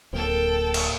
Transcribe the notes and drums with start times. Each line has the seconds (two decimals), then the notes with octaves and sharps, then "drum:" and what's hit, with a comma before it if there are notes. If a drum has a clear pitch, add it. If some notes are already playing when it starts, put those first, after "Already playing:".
0.13 D1 A#3 A4 G5
0.74 drum: cymbal